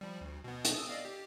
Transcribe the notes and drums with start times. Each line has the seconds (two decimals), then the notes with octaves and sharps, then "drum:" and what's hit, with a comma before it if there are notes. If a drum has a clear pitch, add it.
0.01 F3 G3
0.21 D2
0.44 B2 B3
0.65 drum: hi-hat
0.74 D#6 E6
0.89 D5 D#5 F5
1.05 G4